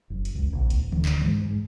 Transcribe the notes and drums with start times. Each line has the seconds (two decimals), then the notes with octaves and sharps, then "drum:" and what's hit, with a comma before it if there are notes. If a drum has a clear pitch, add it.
0.10 F#1
0.25 drum: hi-hat
0.35 C#2
0.53 A#1
0.70 D#1, drum: kick C2, hi-hat
0.92 D2, drum: tom D#3
1.05 drum: clap
1.21 G#2, drum: tom D#3
1.45 G#2